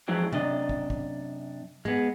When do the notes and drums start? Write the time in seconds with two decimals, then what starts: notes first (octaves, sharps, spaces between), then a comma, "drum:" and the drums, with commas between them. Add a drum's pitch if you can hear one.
0.08 F2 E3 F#3 G#3 C4
0.32 F#2 C3 D4 D#5, drum: tom
0.69 drum: kick
0.90 drum: kick
1.85 G#3 B3, drum: tom